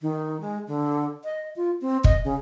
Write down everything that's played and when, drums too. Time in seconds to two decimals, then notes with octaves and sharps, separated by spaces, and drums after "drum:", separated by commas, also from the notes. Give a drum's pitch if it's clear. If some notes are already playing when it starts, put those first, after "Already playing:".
0.02 D#3
0.41 G#3
0.67 D3
1.24 D#5
1.56 F4
1.81 C4
2.04 D#5, drum: kick
2.25 C#3